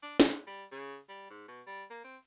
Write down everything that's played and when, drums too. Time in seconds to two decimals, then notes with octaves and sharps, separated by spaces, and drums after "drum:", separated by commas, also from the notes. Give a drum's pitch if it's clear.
0.03 D4
0.20 G#2, drum: snare
0.47 G3
0.71 C#3
1.09 G3
1.30 G#2
1.48 B2
1.67 G3
1.90 A#3
2.04 C4